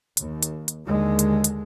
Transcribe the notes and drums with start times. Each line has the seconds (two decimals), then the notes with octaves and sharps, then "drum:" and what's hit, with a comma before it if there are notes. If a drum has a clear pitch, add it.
0.17 D#2, drum: hi-hat
0.43 drum: hi-hat
0.68 drum: hi-hat
0.86 D#2 D3 G#3
1.19 drum: hi-hat
1.44 drum: hi-hat